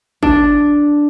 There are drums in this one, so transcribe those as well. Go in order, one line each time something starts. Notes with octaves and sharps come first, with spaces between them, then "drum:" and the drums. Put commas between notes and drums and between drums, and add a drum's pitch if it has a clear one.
D4, drum: kick